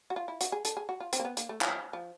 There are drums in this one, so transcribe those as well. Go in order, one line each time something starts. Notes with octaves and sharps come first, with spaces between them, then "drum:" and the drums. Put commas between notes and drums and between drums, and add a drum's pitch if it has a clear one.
F#4
F4
E4
F#4, drum: hi-hat
G#4
A4, drum: hi-hat
G#4
F#4
F4
C4, drum: hi-hat
A#3
B3
A#3, drum: hi-hat
A3
F3, drum: clap
F3